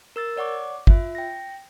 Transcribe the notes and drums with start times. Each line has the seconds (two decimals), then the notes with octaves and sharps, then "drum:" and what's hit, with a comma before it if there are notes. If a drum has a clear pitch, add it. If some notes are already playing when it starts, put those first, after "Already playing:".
0.16 A#4 E6 A6
0.36 C#5 D5 F#5 C#6 D6
0.87 F4 E5, drum: kick
1.15 G5 A#6